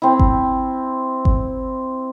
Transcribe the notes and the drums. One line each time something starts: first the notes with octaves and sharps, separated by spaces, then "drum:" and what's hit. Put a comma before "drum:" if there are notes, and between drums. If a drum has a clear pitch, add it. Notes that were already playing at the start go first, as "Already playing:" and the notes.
C4 E4
drum: kick G#1
drum: kick G#1